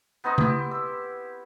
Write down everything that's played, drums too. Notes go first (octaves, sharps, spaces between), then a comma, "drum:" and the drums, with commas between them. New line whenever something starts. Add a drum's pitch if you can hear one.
B3 C4 D#4 D#5
E4 G4, drum: tom C#3
E6